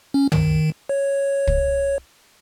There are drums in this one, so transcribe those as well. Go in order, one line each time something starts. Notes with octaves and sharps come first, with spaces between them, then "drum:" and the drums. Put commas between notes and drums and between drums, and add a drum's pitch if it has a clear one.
C#4
D#3, drum: tom
C#5
drum: kick